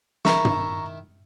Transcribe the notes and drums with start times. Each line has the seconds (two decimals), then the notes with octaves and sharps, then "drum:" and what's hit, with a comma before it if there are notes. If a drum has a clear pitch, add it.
0.25 D#3 E4 A#5 C#6, drum: snare
0.45 drum: tom